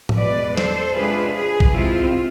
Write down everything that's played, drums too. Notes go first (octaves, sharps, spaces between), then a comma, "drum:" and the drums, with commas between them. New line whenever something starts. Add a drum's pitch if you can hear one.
drum: tom A2
E2 B2 G#3 B4 D5
A4 C5, drum: snare
C3 G#3 D4 F4 G#4 B4
G#4
drum: kick
C3 G#3 C4 E4 F4